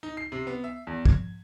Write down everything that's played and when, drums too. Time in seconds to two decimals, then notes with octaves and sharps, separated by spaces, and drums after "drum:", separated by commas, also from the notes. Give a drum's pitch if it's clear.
0.03 D#4
0.17 C7
0.32 C3
0.47 B3
0.64 E5
0.87 E2
1.06 G#6, drum: kick